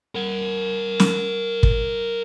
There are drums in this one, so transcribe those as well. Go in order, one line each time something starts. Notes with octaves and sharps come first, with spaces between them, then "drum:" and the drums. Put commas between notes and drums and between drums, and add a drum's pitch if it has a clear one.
A#4 F#5
drum: snare
drum: kick